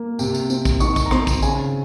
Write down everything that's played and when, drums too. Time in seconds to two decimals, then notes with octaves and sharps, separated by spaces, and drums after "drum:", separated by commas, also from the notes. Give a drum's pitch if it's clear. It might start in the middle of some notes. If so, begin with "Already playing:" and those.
Already playing: A#3
0.19 C3, drum: tambourine
0.35 drum: tambourine
0.50 C4, drum: tambourine
0.65 drum: kick, tambourine
0.80 D#3 C#6, drum: tambourine
0.96 drum: kick, tambourine
1.06 A#5
1.11 C4 C6, drum: rim click
1.27 drum: kick, tambourine
1.42 C#3 G#5, drum: tambourine